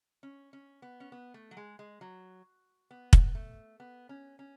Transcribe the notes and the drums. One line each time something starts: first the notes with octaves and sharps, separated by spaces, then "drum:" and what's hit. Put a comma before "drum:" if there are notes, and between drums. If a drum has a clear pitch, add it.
C#4
C#4
B3
C#4
B3
A3
F#3
G#3
G#3
F#3
B3
drum: kick
A3
B3
C#4
C#4